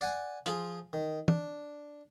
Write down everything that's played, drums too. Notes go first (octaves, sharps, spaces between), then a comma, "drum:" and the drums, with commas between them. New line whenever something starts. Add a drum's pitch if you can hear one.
D5 F#5 G#5, drum: tambourine
F3 F4 G#4, drum: hi-hat
D#3
D4, drum: tom